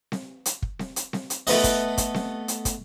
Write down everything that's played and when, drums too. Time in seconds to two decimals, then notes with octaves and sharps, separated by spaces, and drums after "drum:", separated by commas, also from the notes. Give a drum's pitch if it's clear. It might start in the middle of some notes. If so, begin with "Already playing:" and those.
0.12 drum: snare C4
0.46 drum: hi-hat
0.62 drum: kick
0.79 drum: snare C4
0.96 drum: hi-hat
1.13 drum: snare C4
1.30 drum: hi-hat
1.47 A3 B3 B4 D#5, drum: open hi-hat
1.64 drum: kick, hi-hat
1.98 drum: kick, hi-hat
2.14 drum: snare C4
2.48 drum: hi-hat
2.65 drum: kick, hi-hat